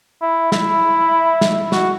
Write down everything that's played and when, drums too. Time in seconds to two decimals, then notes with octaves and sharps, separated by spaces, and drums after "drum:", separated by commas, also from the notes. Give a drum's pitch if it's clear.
0.21 E4
0.52 E4, drum: snare
1.41 drum: snare
1.72 F#4, drum: snare